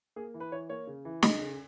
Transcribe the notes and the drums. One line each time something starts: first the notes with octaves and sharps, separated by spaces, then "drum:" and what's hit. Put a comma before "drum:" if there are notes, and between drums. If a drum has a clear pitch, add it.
A#3 G#4
E3
B4
E3 C#5
A#3 C#5
C#3
E3
C#3 D#5, drum: snare
C#3